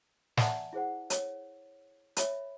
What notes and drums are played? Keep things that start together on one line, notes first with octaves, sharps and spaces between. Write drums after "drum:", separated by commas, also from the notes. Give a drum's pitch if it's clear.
D5 E5 F#5 G#5 A5, drum: snare
E4 G#4 C5 F#5
C#5, drum: hi-hat
C#5 E5 B5, drum: hi-hat